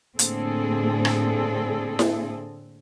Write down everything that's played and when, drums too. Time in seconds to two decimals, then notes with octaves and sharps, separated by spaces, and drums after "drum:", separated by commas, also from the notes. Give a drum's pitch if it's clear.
0.19 A2 D3 A#3 C4 G#4 A4, drum: hi-hat
1.05 drum: rim click
1.99 drum: snare E4